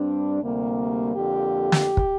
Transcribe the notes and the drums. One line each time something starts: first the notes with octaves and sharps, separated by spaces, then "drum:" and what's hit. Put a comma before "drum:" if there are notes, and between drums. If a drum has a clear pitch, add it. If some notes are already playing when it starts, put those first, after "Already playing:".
Already playing: G2 G3 C4 D4
D2 C3 G3 A#3
F2 D3 A#3 G4
drum: snare
drum: kick